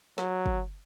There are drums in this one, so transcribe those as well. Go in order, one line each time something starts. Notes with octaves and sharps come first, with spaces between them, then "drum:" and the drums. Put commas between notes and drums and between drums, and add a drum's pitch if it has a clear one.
F#3, drum: snare
drum: kick